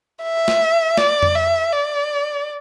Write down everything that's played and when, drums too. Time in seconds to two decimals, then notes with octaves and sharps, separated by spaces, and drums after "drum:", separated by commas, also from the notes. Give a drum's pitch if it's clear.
0.23 E5
0.48 drum: snare
0.97 D5, drum: snare
1.23 drum: tom F2
1.35 E5
1.72 D5